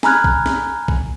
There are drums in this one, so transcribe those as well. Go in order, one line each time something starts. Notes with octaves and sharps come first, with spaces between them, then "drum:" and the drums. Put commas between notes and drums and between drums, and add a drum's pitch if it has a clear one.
G#5 A#5 B5 F6 F#6 G#6, drum: snare
drum: kick B1
drum: snare
drum: kick B1